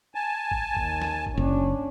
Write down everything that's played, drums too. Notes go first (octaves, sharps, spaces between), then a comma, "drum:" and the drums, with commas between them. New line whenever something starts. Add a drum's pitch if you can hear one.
G#5 A5
drum: kick G#1
D#2, drum: kick G#1
drum: snare
drum: kick G#1
F#1 C#4 D4